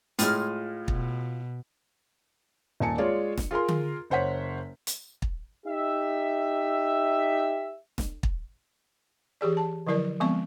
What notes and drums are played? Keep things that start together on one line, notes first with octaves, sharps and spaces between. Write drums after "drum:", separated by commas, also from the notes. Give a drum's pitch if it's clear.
A2 G#3 F4 F6, drum: hi-hat
B2, drum: kick
D#1 A#2 G#5 A5 C#7
G#3 F4 C#5 D5
drum: snare E1
F4 G#4 A#4 C6
drum: tom D3
F#1 C5 C#5 F#5 B6
drum: hi-hat
drum: kick
D#4 G4 E5
drum: snare E1
drum: kick
E3 G4 G#4 D5
A5
D3 F3 F#3 E4 A#4 D5
F3 G#3 B3 C4 C#6